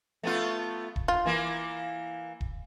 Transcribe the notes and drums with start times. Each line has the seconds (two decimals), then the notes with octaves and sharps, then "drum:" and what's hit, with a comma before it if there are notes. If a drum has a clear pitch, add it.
0.23 A3 B3 F4
0.96 drum: kick D#1
1.08 F4
1.25 E3 A#3
2.41 drum: kick D#1